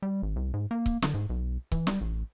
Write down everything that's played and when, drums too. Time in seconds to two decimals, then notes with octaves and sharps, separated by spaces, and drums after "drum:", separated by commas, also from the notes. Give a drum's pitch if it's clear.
0.02 G3
0.23 G#1
0.36 C2
0.54 G#2
0.71 A#3
0.86 drum: kick C#1
1.02 D3, drum: snare
1.14 G#2
1.30 B1
1.72 E3, drum: kick C#1
1.87 G3, drum: snare
2.01 A1